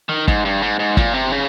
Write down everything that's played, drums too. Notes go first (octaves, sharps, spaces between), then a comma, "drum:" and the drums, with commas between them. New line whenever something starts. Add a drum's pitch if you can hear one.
D#3
G#2, drum: kick
G2
G#2
G#2
A#2, drum: kick
C3
C#3